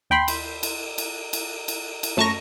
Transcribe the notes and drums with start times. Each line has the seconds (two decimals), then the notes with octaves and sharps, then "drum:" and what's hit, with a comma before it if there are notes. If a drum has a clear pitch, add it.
0.10 D#2 G5 B5 C6
0.28 drum: cymbal
0.63 drum: cymbal
0.98 drum: cymbal
1.33 drum: cymbal
1.68 drum: cymbal
2.03 drum: cymbal
2.17 F#2 A3 A5 A#5 C#6 A#6